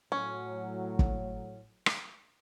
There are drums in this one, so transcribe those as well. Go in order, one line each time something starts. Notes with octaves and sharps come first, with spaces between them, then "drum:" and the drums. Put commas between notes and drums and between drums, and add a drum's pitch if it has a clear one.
A2 F#3 C#4
drum: kick
drum: rim click